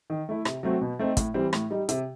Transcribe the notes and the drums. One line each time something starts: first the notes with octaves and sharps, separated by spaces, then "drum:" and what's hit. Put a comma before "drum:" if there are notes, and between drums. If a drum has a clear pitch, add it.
D#3
A3 E4
C3, drum: rim click
F#3 A3 C4 F#4
B2
A3 C4 D#4
A2, drum: kick, hi-hat
E3 G3 C4
A2, drum: rim click
G3 D#4
C3, drum: hi-hat